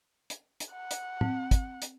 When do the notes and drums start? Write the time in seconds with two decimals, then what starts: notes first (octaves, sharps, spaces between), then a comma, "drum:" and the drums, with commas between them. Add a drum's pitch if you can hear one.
0.30 drum: hi-hat
0.60 drum: hi-hat
0.72 F#5
0.91 drum: hi-hat
1.21 C4, drum: tom
1.51 drum: kick, hi-hat
1.82 drum: hi-hat